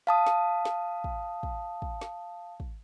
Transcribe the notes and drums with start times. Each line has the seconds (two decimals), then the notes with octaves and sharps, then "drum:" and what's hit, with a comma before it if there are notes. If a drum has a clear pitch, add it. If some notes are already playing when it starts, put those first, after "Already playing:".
0.07 F5 A5 D#6
0.27 drum: snare
0.65 drum: snare
1.04 drum: kick
1.43 drum: kick
1.82 drum: kick
2.01 drum: snare
2.60 drum: kick